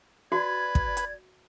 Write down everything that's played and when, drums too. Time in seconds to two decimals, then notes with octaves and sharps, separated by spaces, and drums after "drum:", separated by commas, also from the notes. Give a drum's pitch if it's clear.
0.32 F#4 B4 D5 G#6
0.75 drum: kick
0.97 drum: hi-hat